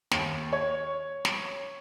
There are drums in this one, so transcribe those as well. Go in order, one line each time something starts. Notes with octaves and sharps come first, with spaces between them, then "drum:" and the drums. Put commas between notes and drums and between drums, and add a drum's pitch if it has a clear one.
D#2, drum: snare
C#5
drum: snare